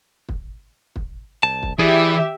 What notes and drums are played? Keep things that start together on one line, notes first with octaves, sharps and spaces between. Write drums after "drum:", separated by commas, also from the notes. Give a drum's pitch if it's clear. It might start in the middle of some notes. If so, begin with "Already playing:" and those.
drum: kick
drum: kick
C2 A5
drum: kick
E3 E4 G4 G#4 D5 E5